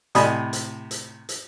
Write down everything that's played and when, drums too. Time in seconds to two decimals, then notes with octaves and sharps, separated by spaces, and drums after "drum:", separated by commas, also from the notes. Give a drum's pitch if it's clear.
0.15 A2 C3 D#5 G#5 B5, drum: hi-hat
0.53 drum: hi-hat
0.91 drum: hi-hat
1.29 drum: hi-hat